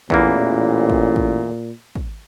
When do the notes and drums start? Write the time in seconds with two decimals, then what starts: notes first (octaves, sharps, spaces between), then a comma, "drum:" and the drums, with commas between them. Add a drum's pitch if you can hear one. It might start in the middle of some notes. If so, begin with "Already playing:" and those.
0.10 A1 E2 A#2 E3 A#3, drum: kick
0.90 drum: kick
1.16 drum: kick
1.95 drum: kick